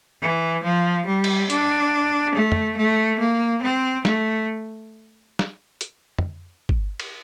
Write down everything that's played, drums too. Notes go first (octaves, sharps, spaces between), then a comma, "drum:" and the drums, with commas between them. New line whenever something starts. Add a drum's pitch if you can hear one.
E3
F3
G3
drum: cymbal
D4, drum: hi-hat
A3
drum: tom
A3
A#3
C4
A3, drum: snare
drum: snare
drum: hi-hat
drum: tom
drum: kick G1
drum: cymbal